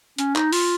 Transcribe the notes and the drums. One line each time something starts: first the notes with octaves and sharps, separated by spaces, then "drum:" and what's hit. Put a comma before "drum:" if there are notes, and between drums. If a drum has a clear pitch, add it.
C#4, drum: hi-hat
D#4, drum: clap
F4, drum: open hi-hat